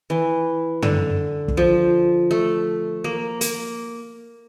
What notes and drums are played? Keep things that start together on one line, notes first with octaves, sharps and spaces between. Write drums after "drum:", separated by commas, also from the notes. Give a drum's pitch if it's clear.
E3
D3, drum: tom
drum: kick
F3
A3
A#3
A#3, drum: hi-hat